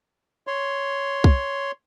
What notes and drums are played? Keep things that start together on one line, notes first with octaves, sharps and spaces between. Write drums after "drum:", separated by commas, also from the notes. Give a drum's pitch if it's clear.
C#5 C6
drum: kick